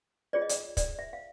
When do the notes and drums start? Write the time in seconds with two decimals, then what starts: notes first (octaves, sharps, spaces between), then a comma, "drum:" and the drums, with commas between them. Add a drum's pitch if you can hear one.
0.33 F4 G#4 C#5 D5
0.42 D#5
0.49 D5, drum: hi-hat
0.77 D5, drum: kick, hi-hat
0.99 E5
1.13 F5